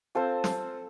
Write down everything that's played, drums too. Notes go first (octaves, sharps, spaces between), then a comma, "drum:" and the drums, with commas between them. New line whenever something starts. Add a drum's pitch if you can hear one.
C4 F4 A4 C5
drum: snare